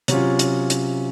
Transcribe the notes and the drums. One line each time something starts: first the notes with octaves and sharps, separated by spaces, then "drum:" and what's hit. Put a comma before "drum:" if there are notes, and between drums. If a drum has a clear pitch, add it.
C3 F#3 C#4 F4 C#5, drum: hi-hat
drum: hi-hat
drum: hi-hat